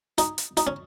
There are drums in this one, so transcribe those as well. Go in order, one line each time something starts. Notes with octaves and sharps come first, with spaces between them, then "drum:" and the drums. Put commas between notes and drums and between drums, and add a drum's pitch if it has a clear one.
D#4, drum: hi-hat
drum: hi-hat
D#4, drum: hi-hat
C#4